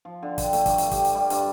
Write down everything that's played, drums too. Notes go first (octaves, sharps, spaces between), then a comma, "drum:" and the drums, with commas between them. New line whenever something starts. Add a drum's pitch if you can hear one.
F3
D3
G5, drum: kick, hi-hat
A3, drum: hi-hat
G2, drum: kick, hi-hat
drum: hi-hat
G4, drum: kick, hi-hat
drum: hi-hat
G3
G2, drum: hi-hat